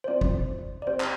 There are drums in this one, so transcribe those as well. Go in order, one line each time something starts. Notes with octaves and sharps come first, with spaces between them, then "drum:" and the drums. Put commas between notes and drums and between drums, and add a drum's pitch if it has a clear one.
C5
C4 F4 D5
drum: kick
D5
C4 G4 C5
drum: clap